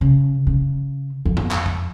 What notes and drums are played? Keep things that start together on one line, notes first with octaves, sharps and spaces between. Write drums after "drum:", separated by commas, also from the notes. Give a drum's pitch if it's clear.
C#3
C#3
F2
drum: tom
drum: clap
drum: kick A1